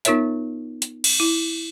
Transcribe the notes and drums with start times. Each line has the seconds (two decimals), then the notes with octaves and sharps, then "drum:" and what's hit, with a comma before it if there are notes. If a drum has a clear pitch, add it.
0.05 B3 D#4 F4 A#4 C#5 E5, drum: hi-hat
0.82 drum: hi-hat
1.04 drum: cymbal
1.20 E4